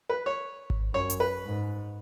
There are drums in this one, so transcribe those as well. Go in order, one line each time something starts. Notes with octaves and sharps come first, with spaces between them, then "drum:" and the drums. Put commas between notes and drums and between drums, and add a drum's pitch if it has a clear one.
B4
C#5
drum: kick G#1
F#2 C#5
drum: hi-hat
B4
G#2